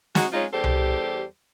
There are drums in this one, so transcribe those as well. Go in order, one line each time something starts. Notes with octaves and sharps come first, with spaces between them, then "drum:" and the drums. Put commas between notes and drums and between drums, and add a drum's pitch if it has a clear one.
G#3 D#4 F#4, drum: snare
G#3 C#4 D#4 F4
E2 G3 G4 A4 C5
drum: tom C2